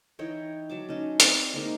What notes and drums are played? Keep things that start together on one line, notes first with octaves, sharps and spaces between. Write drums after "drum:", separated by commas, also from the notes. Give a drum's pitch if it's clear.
E3 D#4 C#5 G5
F#3 A5 D6
C#4 D#4
C4 D5 E5, drum: hi-hat
G#3 A#3 D#4 A#4